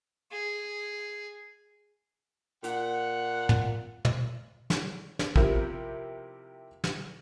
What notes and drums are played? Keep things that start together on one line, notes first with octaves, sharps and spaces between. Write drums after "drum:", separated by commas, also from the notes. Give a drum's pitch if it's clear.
G#4
A#2 F#5, drum: hi-hat
drum: tom
drum: tom
drum: snare
drum: snare
C3 F3 E4 G4 A#4, drum: kick
drum: snare